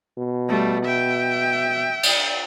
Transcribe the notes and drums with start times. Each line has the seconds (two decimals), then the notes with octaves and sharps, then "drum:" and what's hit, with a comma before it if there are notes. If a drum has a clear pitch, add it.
0.18 B2
0.49 G3 A3
0.85 E5 G5
2.03 drum: cymbal